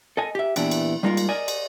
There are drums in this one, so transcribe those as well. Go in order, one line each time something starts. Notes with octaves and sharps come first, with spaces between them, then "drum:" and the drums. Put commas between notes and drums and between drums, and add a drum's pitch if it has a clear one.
A4 D#5 G#5
G4 E5
A#2 E3 B3 D4 E4 G4, drum: cymbal
drum: cymbal
G3 G#3 A#3 D#4 F4 A#4
drum: cymbal
A#4 D5 D#5 G#5
drum: cymbal